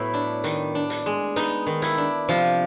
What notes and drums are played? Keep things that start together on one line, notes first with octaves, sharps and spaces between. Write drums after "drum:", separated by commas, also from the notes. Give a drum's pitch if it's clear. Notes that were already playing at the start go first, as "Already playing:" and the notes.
Already playing: A2 F#3 B3 E4
D4
D#3, drum: hi-hat
D4
drum: hi-hat
G#3
B3 D#4, drum: hi-hat
D#3
E4, drum: hi-hat
D4
C3 F3 F4